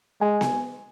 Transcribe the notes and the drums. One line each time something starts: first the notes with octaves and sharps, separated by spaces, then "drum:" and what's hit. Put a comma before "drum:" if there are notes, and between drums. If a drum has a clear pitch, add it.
G#3 G#5
drum: snare B3